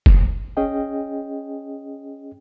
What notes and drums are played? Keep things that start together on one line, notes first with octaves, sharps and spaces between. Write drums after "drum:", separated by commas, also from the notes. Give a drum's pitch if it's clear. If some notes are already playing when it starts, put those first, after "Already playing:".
drum: kick
C#4 G#4 D#5 G5